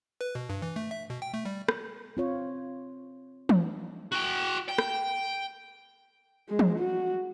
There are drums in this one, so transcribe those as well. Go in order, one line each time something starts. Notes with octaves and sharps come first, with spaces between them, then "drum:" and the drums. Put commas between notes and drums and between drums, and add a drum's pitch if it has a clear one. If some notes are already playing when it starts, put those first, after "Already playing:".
B4
B2
G2
E3
A3
E5
B2
G5
A3
G3
drum: rim click
C4 F4 C#5
drum: tom E3
F#4 G5
G5
drum: rim click
G#3
drum: tom E3
F#4